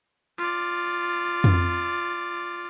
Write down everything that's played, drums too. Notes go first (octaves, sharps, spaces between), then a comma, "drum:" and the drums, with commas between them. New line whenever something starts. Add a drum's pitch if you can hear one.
F4 D5
drum: tom F2